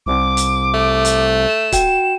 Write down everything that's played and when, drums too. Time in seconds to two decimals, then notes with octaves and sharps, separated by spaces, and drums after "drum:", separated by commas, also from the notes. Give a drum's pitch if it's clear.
0.06 C2 D6
0.37 drum: hi-hat
0.74 A3
1.05 drum: hi-hat
1.48 E7
1.72 F#4 G5, drum: kick C#1, hi-hat